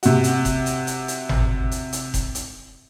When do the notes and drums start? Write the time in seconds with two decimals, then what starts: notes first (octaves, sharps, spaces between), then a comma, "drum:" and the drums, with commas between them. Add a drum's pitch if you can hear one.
0.03 C3 F#4, drum: hi-hat
0.24 drum: hi-hat
0.45 drum: kick F1, hi-hat
0.66 drum: hi-hat
0.87 drum: hi-hat
1.08 drum: hi-hat
1.29 drum: tom G#1
1.71 drum: hi-hat
1.93 drum: hi-hat
2.14 drum: kick F1, hi-hat
2.35 drum: hi-hat